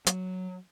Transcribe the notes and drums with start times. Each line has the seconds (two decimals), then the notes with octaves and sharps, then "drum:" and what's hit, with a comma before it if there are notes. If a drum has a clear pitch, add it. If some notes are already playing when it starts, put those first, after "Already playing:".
0.06 F#3, drum: hi-hat